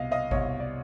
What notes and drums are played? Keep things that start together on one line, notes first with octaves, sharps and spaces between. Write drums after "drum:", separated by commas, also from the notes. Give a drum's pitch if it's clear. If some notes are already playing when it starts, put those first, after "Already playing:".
Already playing: C2 B2 D#5 F5
D#5 F5
C2 B2 C#5 D#5, drum: kick G#1
D5